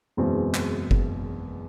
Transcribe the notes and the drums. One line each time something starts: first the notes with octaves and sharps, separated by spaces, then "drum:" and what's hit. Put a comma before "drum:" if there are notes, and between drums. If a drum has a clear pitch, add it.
F#1 E2 B2 G#3 C4
drum: clap
drum: kick F#1